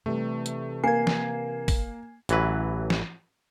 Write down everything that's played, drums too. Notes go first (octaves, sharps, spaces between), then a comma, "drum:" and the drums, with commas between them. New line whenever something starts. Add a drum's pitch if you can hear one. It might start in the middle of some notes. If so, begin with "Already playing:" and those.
C3 E3 G3 A3
drum: hi-hat
A#3 G#5 G#6 C7
drum: snare
drum: kick, open hi-hat
A1 E3 F#3 B4, drum: hi-hat
drum: snare